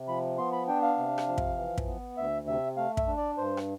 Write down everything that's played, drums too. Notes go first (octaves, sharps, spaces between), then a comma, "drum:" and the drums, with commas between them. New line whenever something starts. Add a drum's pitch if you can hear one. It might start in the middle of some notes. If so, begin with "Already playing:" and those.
Already playing: C3
F3 B5
B3 C6
B5
D4 G5
F5
C3
drum: rim click
F3
drum: kick
E3
drum: kick
B3
D2 E5
C3 E5
A3 F5
E5, drum: kick
D4
D5
G2 C5
drum: rim click